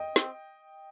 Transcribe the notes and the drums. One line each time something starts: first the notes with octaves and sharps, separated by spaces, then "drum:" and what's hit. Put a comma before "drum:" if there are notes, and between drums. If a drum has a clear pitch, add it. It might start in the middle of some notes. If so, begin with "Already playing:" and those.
Already playing: D#5 G5
C4, drum: snare